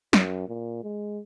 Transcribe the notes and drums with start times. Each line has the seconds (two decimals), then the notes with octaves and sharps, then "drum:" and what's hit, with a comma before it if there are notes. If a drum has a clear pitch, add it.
0.13 F#2, drum: snare
0.48 A#2
0.83 G#3